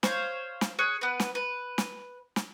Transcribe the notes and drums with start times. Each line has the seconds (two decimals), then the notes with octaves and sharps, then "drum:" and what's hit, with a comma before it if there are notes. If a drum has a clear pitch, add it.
0.03 C5 C#5 F5, drum: snare
0.61 drum: snare
0.79 G#4 C#5 F#6
1.01 B3 B4
1.20 drum: snare
1.35 B4
1.78 drum: snare
2.36 drum: snare